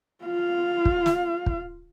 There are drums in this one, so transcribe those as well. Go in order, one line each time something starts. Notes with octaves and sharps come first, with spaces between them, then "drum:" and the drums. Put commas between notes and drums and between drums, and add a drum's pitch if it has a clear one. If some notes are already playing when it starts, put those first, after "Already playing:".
F4 F5
drum: kick
drum: snare
drum: kick